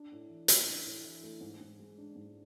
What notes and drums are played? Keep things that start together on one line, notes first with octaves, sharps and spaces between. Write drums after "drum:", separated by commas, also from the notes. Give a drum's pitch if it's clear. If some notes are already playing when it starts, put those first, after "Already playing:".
Already playing: D4
A2
E3
A3, drum: hi-hat
D4
A2
E3
A3
G#2
G#2
G#3
D4
G#2